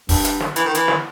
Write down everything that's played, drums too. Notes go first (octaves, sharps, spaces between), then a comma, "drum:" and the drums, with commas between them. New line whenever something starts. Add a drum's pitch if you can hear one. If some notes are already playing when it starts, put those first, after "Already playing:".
G2, drum: kick, open hi-hat
drum: hi-hat
drum: snare
E3, drum: hi-hat
D#3
E3, drum: hi-hat
drum: snare